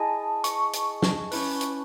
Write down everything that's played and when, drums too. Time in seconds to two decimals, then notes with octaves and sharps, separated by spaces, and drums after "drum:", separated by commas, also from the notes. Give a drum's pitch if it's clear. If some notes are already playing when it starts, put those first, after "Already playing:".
Already playing: E4 G#4 D#5 G#5 A5
0.44 C#6, drum: hi-hat
0.73 drum: hi-hat
1.02 drum: snare
1.31 C#4 E4 B4, drum: open hi-hat
1.61 drum: hi-hat